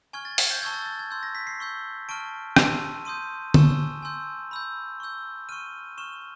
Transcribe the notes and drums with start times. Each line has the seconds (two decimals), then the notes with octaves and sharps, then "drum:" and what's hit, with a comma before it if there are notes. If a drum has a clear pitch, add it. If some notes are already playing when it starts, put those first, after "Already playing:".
0.13 G#5 C#6 F6 G#6
0.25 A6
0.38 G#6, drum: open hi-hat
0.51 G6
0.62 A5 C#6 E6 G6 G#6
0.74 A6
0.86 A6
0.99 G#6
1.11 C6 E6 G6
1.23 A#6
1.35 B6
1.47 C7
1.60 C#6 E6 G6
2.09 A5 C#6 F6 D7
2.56 A5 C6 E6 D#7, drum: rim click
3.05 C6 D#6 G6 D#7
3.54 G#5 C#6 E6 E7, drum: tom D3
4.03 G#5 C6 E6 G6
4.51 B5 E6 G6
5.00 C#6 E6 G6
5.49 C#6 F6 D#7
5.98 C#6 F6 E7